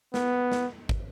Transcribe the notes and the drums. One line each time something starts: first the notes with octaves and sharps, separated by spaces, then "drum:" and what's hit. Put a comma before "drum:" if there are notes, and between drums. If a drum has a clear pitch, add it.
B3, drum: snare
drum: snare
drum: kick